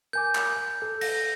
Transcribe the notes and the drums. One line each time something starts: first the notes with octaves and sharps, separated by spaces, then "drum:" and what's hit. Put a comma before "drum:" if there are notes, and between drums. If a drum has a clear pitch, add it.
A#4 G#5 D6 G6
drum: clap
A4
A#6, drum: cymbal